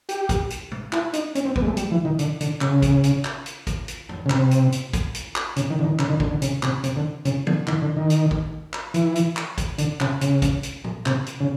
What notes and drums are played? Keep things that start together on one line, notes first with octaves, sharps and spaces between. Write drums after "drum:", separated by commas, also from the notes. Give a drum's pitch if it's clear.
G4, drum: hi-hat
drum: kick A1, hi-hat
drum: hi-hat
drum: tom
E4, drum: clap
D#4, drum: hi-hat
C#4, drum: hi-hat
C4
B3, drum: kick A1
G#3
A3
G3, drum: hi-hat
E3
D#3
D3, drum: hi-hat
D3, drum: hi-hat
C#3, drum: clap
drum: kick A1, hi-hat
drum: hi-hat
drum: clap
drum: hi-hat
drum: kick A1, hi-hat
drum: hi-hat
drum: tom
C#3
C3, drum: clap
drum: hi-hat
drum: hi-hat
drum: kick A1, hi-hat
drum: hi-hat
drum: clap
C#3, drum: hi-hat
D#3
D3
D#3
C#3, drum: clap
D#3
D3, drum: kick A1
D3
C#3, drum: hi-hat
C3, drum: clap
C3, drum: hi-hat
D3
C#3, drum: hi-hat
D3, drum: tom
D#3, drum: clap
D3
D#3
drum: hi-hat
drum: kick A1
drum: clap
E3, drum: hi-hat
drum: hi-hat
drum: clap
drum: kick A1, hi-hat
D3, drum: hi-hat
C#3, drum: clap
C#3, drum: hi-hat
drum: kick A1, hi-hat
drum: hi-hat
drum: tom
C3, drum: clap
drum: hi-hat
C#3